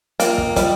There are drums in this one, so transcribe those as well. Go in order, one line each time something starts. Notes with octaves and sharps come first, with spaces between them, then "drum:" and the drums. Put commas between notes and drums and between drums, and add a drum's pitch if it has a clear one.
A#3 F4 D#5 G5, drum: hi-hat
drum: kick
G3 F4 D#5 G5, drum: kick, hi-hat